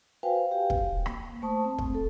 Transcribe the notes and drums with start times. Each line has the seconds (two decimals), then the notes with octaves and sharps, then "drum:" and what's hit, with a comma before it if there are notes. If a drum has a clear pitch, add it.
0.23 F#4 B4 C5 F5 G5 G#5
0.50 G4 F5 G5
0.70 drum: kick
1.06 A#3, drum: rim click
1.42 A3 C5 A5 C#6 D#6
1.65 C4
1.78 drum: kick
1.95 A4